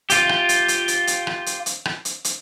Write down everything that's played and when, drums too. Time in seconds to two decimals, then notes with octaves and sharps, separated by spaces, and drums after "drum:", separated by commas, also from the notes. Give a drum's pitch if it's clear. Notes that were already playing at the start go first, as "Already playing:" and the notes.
0.10 F4 G4, drum: hi-hat
0.29 drum: rim click
0.49 drum: hi-hat
0.68 drum: hi-hat
0.88 drum: hi-hat
1.07 drum: hi-hat
1.27 drum: rim click
1.46 drum: hi-hat
1.66 drum: hi-hat
1.85 drum: rim click
2.05 drum: hi-hat
2.24 drum: hi-hat